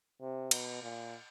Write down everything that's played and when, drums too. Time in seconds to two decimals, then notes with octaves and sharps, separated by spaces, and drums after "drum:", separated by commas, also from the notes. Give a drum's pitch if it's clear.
0.21 C3
0.51 B2, drum: cymbal
0.82 A#2